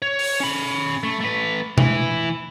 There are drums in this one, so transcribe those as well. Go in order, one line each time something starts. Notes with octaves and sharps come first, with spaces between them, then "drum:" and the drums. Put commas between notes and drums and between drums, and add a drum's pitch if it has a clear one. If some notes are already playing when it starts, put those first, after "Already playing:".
C#5
drum: open hi-hat
C#4 B5
A3
A3 B4
E3 E4, drum: tom B2